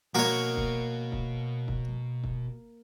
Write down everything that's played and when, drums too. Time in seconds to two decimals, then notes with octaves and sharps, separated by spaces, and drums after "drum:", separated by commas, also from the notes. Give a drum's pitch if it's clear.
0.15 B2 A#3 F#4 C#5
0.56 drum: kick
1.12 drum: kick
1.68 drum: kick
2.24 drum: kick